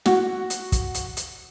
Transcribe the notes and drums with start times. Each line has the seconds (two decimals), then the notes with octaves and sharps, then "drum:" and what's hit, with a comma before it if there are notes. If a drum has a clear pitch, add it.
0.06 F#4, drum: snare
0.50 drum: hi-hat
0.72 drum: kick, hi-hat
0.94 drum: hi-hat
1.17 drum: hi-hat